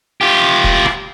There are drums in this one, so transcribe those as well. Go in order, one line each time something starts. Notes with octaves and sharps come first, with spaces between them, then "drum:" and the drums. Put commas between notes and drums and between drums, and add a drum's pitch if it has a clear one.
F4 G4
drum: kick E1
drum: rim click